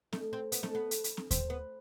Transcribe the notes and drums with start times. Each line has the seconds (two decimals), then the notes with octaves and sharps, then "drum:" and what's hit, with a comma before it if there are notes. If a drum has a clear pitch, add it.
0.13 A3, drum: snare
0.33 C4
0.52 B3, drum: hi-hat
0.63 A3, drum: snare
0.75 B3
0.91 drum: hi-hat
1.04 drum: hi-hat
1.17 drum: snare
1.31 C4, drum: kick D#2, hi-hat
1.50 B3